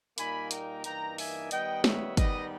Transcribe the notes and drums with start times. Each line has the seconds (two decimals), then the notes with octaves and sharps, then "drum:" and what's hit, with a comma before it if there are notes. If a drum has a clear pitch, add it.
0.18 A#2 G3 A#3 D#4 G#5 B5, drum: hi-hat
0.51 G5 A#5, drum: hi-hat
0.84 G2 E3 A#3 D#4 G5 A#5, drum: hi-hat
1.18 E5 G#5, drum: open hi-hat
1.51 D#3 G3 B3 D#5 G5, drum: hi-hat
1.84 C#5 E5, drum: snare
2.17 G#2 D#3 G3 B3 D#4 B4 D#5, drum: kick, hi-hat